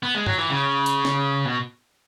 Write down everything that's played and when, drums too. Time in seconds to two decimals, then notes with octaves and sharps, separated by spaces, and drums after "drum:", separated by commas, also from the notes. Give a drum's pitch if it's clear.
0.03 B3
0.15 G#3
0.26 F#3, drum: tom F#2
0.38 E3
0.50 C#3
0.86 drum: hi-hat
1.05 drum: snare
1.45 B2